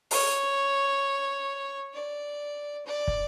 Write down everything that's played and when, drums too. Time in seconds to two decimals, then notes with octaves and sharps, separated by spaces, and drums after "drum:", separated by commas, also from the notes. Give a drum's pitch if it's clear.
0.11 C#5, drum: open hi-hat
1.94 D5
2.86 D5
3.08 drum: kick